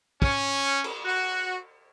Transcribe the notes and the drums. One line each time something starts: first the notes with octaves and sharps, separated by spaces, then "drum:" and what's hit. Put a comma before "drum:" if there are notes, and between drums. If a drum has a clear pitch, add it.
C#4, drum: kick
drum: cymbal
F#4